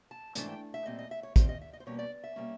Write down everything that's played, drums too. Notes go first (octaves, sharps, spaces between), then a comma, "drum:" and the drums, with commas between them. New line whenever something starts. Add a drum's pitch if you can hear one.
A5
G#2 E3 A3 D4 A5, drum: hi-hat
G5
E5
A#2 G3 C4 D#5
D#5
E5
C#5
A#2 G3 C4 C5, drum: kick, hi-hat
D#5
E5
D#5
C5
E2 B2 G3 A#3 C#4 C#5
D5
E5
B2 G3 A#3 C#4